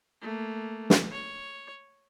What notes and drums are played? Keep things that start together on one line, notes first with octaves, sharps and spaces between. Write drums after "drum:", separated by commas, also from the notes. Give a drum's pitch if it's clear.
A3 A#3
drum: snare
C#5